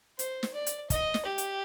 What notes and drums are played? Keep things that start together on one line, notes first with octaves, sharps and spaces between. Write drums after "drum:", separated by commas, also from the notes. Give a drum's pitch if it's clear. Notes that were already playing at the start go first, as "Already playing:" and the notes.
C5, drum: hi-hat
drum: snare
D5
drum: hi-hat
D#5, drum: kick, hi-hat
drum: snare
G4
drum: hi-hat